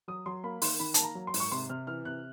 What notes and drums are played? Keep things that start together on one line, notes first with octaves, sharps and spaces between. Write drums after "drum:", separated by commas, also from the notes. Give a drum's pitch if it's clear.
F#3 D#6
F#3 C6
A#3 B5
D#3 C6, drum: open hi-hat
D#3 B5
A#3 A5, drum: hi-hat
A#5
F#3
C6
G#2, drum: open hi-hat
C#6
C3 C6
C3 F6
E3 F6
C3 F#6